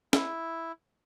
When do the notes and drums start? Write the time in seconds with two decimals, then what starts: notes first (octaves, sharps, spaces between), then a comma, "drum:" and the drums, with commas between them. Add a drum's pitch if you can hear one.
0.13 E4, drum: snare